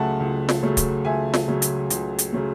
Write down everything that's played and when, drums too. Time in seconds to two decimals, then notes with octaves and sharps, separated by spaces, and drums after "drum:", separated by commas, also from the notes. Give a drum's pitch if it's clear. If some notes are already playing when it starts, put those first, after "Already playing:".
Already playing: C#2 C#3 F#3 A3 E5 F#5 A5
0.20 C#2
0.49 drum: snare
0.63 C#3 F#3 A3
0.77 drum: kick, hi-hat
1.05 C#2 E5 G#5
1.34 drum: snare
1.48 C#3 F#3 A3
1.62 drum: hi-hat
1.90 C#2, drum: hi-hat
2.19 drum: hi-hat
2.33 C#3 F#3 A3